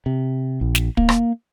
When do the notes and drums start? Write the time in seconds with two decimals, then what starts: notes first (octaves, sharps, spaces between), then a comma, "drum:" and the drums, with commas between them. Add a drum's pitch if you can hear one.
0.06 C3
0.61 A#1
0.75 drum: snare
0.97 A#3, drum: kick
1.09 drum: rim click